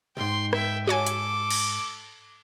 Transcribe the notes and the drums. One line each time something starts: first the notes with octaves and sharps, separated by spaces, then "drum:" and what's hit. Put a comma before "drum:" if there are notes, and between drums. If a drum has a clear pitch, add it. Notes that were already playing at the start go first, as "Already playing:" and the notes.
C#2 G#2 G5 C6
E5 G5, drum: rim click
F#4 A4 C#5 G#5 D6
drum: hi-hat
drum: cymbal